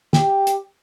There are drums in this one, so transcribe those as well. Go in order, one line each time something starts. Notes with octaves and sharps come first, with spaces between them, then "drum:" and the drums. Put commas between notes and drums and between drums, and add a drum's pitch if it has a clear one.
G4, drum: snare
drum: hi-hat